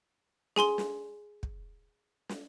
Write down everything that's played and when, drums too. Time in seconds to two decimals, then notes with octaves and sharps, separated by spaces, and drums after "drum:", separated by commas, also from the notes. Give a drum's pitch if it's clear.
0.56 G#4 G#5 C6 G7, drum: snare
0.78 drum: snare
1.43 drum: kick
2.29 drum: snare